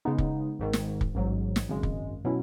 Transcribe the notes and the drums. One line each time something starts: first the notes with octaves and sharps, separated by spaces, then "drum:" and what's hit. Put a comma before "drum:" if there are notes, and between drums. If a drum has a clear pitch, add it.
C#3 G#3 B3 D#4
drum: kick
G#1 G#2 D#3
drum: snare
drum: kick
A1 G#2 F#3
drum: snare
G#1 F#2 C#3 G#3
drum: kick
B2 F#3 C#4 E4